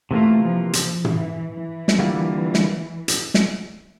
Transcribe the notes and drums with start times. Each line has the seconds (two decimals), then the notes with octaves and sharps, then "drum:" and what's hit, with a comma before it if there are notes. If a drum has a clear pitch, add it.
0.11 C3 E3 A3 A#3 F4
0.42 F3
0.73 F3, drum: hi-hat
1.05 E3, drum: tom
1.52 E3
1.88 drum: snare
1.99 D3 G3 A#3 F4
2.54 drum: snare
3.08 drum: hi-hat
3.34 drum: snare